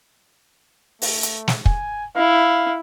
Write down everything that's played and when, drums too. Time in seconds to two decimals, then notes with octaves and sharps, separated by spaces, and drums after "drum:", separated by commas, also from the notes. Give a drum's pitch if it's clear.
1.02 A3, drum: open hi-hat
1.23 drum: hi-hat
1.48 drum: snare
1.66 G#5, drum: kick
2.16 E4 F5